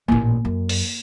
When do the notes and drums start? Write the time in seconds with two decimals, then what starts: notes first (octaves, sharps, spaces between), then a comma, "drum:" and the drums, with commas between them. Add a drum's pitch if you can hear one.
0.08 A1 A#2 A#3
0.45 F#2
0.69 drum: open hi-hat